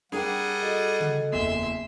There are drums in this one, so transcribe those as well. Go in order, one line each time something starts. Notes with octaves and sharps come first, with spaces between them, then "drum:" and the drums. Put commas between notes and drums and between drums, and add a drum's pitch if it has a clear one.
G3 D4 G#4 A#4 F#5 G5, drum: snare
F#4 A4 D#5
drum: tom C#3
F#1 E2 E5 C6